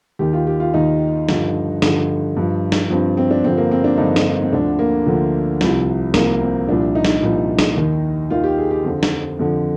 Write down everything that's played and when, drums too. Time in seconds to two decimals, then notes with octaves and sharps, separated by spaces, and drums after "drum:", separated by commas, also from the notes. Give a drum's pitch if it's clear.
0.19 D#2 D#3 G4
0.33 F4
0.47 G4
0.60 F4
0.74 D#2 D#3 D#4
1.29 G2 D3 F3, drum: snare
1.82 G2 D3 F3, drum: snare
2.37 G2 F3
2.72 drum: snare
2.90 G2 F3 C4
3.17 C4
3.31 D4
3.44 G2 D3 F3 C4
3.58 A#3
3.71 C4
3.84 D4
3.98 G2 D3 F3 D#4
4.16 drum: snare
4.43 C4
4.53 D2 D3 F3 D4
4.79 A#3
5.06 D2 D3 F3
5.61 C2 C3 F3, drum: snare
6.14 C2 C3 F3 A#3, drum: snare
6.41 C4
6.69 C2 A#2 F3 D4
6.95 D#4
7.05 drum: snare
7.23 C2 A#2 F3
7.59 drum: snare
7.77 D#2 D#3
8.30 D#2 D#3 F4
8.44 G4
8.58 G#4
8.71 G4
8.84 F2 D3 F3 C4
9.03 drum: snare
9.39 F2 D3 F3